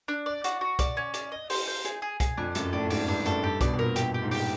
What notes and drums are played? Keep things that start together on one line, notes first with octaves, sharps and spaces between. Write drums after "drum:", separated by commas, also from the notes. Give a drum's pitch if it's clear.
D4
D5
F#4, drum: hi-hat
F#4
D5, drum: kick C2, hi-hat
C#4
D5, drum: hi-hat
D#5
C5, drum: open hi-hat
C5
G#4, drum: hi-hat
G#4
G#4, drum: kick C2, hi-hat
F2 D4
F#2 A4, drum: hi-hat
A2 D4
G#2 D4, drum: open hi-hat
G2 D4
F#2 A4, drum: hi-hat
G2 G4
B2 D5, drum: kick C2, hi-hat
B2
A#2 A#4
G4, drum: hi-hat
G4
G#2
G4, drum: open hi-hat